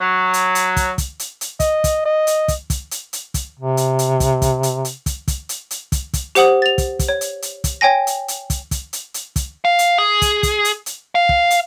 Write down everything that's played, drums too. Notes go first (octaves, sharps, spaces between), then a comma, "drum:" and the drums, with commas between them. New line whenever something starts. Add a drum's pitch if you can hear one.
F#3
drum: hi-hat
drum: hi-hat
drum: kick, hi-hat
drum: kick, hi-hat
drum: hi-hat
drum: hi-hat
D#5, drum: kick, hi-hat
drum: kick, hi-hat
D#5
drum: hi-hat
drum: kick, hi-hat
drum: kick, hi-hat
drum: hi-hat
drum: hi-hat
drum: kick, hi-hat
C3
drum: hi-hat
drum: hi-hat
drum: kick, hi-hat
drum: kick, hi-hat
drum: hi-hat
drum: hi-hat
drum: kick, hi-hat
drum: kick, hi-hat
drum: hi-hat
drum: hi-hat
drum: kick, hi-hat
drum: kick, hi-hat
G4 C5 F#5 D#6 F#7, drum: hi-hat
A6 F7
drum: kick, hi-hat
drum: kick, hi-hat
C#5
drum: hi-hat
drum: hi-hat
drum: kick, hi-hat
C#5 G5 G#5 A#6
drum: hi-hat
drum: hi-hat
drum: kick, hi-hat
drum: kick, hi-hat
drum: hi-hat
drum: hi-hat
drum: kick, hi-hat
F5
drum: hi-hat
G#4
drum: kick, hi-hat
drum: kick, hi-hat
drum: hi-hat
drum: hi-hat
F5
drum: kick
drum: hi-hat